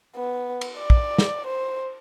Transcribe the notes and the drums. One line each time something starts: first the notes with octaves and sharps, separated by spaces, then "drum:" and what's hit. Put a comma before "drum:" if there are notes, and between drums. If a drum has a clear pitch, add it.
B3
drum: cymbal
D5
drum: kick
drum: snare
C5